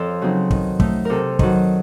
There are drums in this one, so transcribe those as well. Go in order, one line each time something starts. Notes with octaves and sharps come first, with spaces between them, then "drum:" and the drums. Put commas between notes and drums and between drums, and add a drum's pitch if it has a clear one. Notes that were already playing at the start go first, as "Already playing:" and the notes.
Already playing: F2 F3 A4 C#5
C#3 F#3 C4 D#4
D#3, drum: kick
A3 D#4, drum: kick
C3 A4 A#4
D#3 F#3, drum: kick